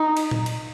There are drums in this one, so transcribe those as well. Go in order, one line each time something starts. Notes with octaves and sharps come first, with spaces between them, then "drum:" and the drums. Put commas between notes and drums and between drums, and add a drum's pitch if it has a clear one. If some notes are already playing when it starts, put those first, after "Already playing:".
Already playing: D#4
drum: cymbal
drum: tom A#2
drum: cymbal